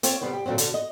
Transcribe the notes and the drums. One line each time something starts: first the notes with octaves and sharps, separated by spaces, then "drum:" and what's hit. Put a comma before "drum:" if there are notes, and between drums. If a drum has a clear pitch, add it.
C4 F4 C#5 D5, drum: hi-hat
C3 G3 B3 C5
G4
A#2 D3 F#3 C4
B2 D3, drum: hi-hat
D#5